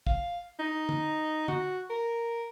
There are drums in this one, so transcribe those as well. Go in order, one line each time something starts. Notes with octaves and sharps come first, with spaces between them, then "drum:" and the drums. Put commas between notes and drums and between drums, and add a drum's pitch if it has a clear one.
F5, drum: kick
D#4
drum: tom
F#4, drum: tom
A#4